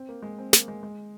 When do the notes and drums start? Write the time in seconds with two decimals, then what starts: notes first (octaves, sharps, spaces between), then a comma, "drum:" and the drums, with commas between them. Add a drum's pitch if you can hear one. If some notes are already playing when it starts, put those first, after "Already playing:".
Already playing: C4
0.09 A#3
0.23 G#3
0.39 C4
0.53 A#3, drum: snare
0.68 G#3
0.83 G#3